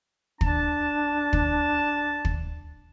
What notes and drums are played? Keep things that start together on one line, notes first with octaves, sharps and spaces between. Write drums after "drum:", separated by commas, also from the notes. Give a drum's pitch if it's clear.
D4 A5, drum: kick
drum: kick
drum: kick